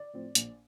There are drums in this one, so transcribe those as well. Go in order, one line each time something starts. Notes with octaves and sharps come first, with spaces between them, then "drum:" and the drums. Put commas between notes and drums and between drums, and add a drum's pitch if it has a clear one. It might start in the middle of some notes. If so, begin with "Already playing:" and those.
Already playing: D5
A2 F3 C4
A#1, drum: hi-hat